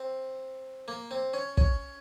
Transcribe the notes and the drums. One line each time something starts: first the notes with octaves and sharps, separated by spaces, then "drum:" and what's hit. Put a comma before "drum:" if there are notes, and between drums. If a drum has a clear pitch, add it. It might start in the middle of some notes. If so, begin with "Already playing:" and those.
Already playing: C4
A#3
C4
C#4
C#4, drum: kick